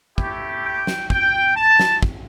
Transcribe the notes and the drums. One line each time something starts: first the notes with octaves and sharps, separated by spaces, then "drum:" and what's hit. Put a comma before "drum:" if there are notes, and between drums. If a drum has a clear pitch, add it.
A3 E4 G4, drum: kick
G5
drum: snare
G5, drum: kick
A5
drum: snare
drum: kick